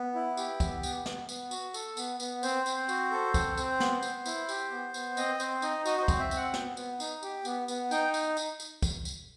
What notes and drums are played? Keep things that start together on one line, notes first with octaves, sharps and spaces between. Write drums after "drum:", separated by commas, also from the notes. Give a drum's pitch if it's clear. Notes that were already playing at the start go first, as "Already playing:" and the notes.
Already playing: B3
E4
G4, drum: tambourine
B3, drum: kick, tambourine
B3, drum: tambourine
B3, drum: snare
B3, drum: tambourine
F#4, drum: tambourine
A4, drum: tambourine
B3, drum: tambourine
B3, drum: tambourine
C4 C5, drum: tambourine
C4, drum: tambourine
F#4, drum: tambourine
A4
C4, drum: kick, tambourine
C4, drum: tambourine
B3, drum: snare
B3, drum: tambourine
E4, drum: tambourine
G4, drum: tambourine
B3
B3, drum: tambourine
C4 D#5, drum: tambourine
C4 C5, drum: tambourine
D#4 D#5, drum: tambourine
F#4 D#5, drum: tambourine
D#5
C5
C4, drum: kick, tambourine
E5
C4, drum: tambourine
F#5
B3, drum: snare
B3, drum: tambourine
D#4, drum: tambourine
G4, drum: tambourine
B3, drum: tambourine
B3, drum: tambourine
D#4 G5, drum: tambourine
drum: tambourine
drum: tambourine
drum: tambourine
drum: kick, tambourine
drum: tambourine